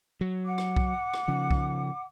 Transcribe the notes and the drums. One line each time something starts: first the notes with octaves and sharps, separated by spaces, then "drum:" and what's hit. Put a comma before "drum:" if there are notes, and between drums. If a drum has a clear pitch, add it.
F#3
F#5 D6
drum: rim click
drum: kick B1
drum: rim click
C#3 F3
drum: kick B1